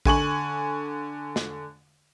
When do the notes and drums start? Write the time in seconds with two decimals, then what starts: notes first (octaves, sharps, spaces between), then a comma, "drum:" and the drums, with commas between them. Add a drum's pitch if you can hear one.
0.05 D3 G#5 C#6 F#7, drum: kick A1
1.36 drum: snare